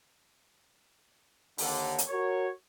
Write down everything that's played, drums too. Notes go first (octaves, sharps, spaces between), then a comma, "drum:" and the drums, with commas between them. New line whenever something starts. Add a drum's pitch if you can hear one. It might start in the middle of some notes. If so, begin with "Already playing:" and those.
D#2 D3, drum: open hi-hat
drum: hi-hat
F#4 A#4 C#5